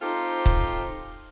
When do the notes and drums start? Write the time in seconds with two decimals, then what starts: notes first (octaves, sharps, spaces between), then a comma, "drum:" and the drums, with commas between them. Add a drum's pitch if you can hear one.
0.02 C4 D#4 F4 G4 A4 C5
0.46 drum: kick